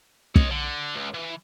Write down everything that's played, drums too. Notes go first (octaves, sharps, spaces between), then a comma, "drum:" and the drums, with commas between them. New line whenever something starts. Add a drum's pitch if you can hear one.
C#5 D#5, drum: kick
D3
C#2
E3